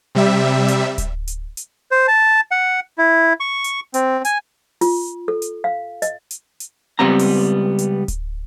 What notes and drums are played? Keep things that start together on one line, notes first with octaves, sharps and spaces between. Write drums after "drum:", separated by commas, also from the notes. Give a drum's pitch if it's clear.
C3 G3 E5
drum: hi-hat
drum: kick D1, hi-hat
drum: hi-hat
drum: hi-hat
C5
A5
F#5
E4
C#6
drum: hi-hat
C4, drum: hi-hat
G#5, drum: hi-hat
F4, drum: open hi-hat
A4
drum: hi-hat
F5
D#5, drum: hi-hat
drum: hi-hat
drum: hi-hat
C#2 G3 B3 C4 A#5
drum: open hi-hat
drum: hi-hat
drum: kick D1, hi-hat